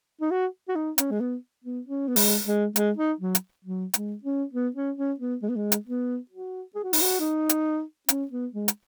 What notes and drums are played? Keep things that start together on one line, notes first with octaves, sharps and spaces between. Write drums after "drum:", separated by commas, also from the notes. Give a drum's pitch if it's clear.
D#4
F#4
F#4
D#4
C#4, drum: hi-hat
G#3
B3
B3
C#4
B3
G#3, drum: open hi-hat
G#3
G#3, drum: hi-hat
D#4
F#3
drum: hi-hat
F#3
G#3, drum: hi-hat
C#4
B3
C#4
C#4
B3
G#3
B3
G#3
drum: hi-hat
B3
F#4
G#4
F#4
D#4, drum: open hi-hat
F#4
D#4
drum: hi-hat
C#4, drum: hi-hat
B3
G#3
drum: hi-hat